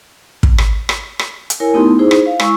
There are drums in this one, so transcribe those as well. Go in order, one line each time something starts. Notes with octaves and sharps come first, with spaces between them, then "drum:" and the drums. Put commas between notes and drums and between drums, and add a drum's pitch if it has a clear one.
drum: kick
drum: rim click
drum: rim click
drum: rim click
drum: hi-hat
E4 A#4 C#5 G#5
A3 B3 D#4 E4 G4 C6
D#4 E4 G#4 C5
drum: rim click
F5
G#3 E4 C#6 E6, drum: rim click